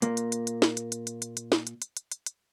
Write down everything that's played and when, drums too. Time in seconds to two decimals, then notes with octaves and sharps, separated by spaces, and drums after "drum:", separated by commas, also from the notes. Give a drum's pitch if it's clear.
0.02 A#2 A#3, drum: hi-hat
0.17 drum: hi-hat
0.32 drum: hi-hat
0.47 drum: hi-hat
0.62 drum: snare
0.77 drum: hi-hat
0.92 drum: hi-hat
1.07 drum: hi-hat
1.22 drum: hi-hat
1.37 drum: hi-hat
1.52 drum: snare
1.67 drum: hi-hat
1.82 drum: hi-hat
1.97 drum: hi-hat
2.12 drum: hi-hat
2.26 drum: hi-hat